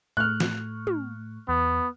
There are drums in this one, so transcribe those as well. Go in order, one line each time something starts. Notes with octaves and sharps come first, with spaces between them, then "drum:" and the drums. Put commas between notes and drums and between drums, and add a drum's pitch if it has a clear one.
A2 A3 C#6 F6 F#6
drum: snare
drum: tom
E2 B3